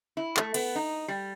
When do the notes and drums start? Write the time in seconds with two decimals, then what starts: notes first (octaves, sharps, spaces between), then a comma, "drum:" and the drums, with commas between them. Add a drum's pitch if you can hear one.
0.17 E4
0.37 A3, drum: clap
0.54 B3, drum: cymbal
0.75 D#4
1.08 G3